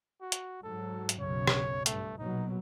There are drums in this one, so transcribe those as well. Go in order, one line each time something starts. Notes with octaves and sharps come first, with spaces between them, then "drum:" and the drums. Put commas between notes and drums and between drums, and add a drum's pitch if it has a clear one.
F#4
drum: hi-hat
G#2 F#3 A4
drum: hi-hat
B1 F#2 C#3 C#5
drum: rim click
G2 A3, drum: hi-hat
A#1 B2 F#3 D#4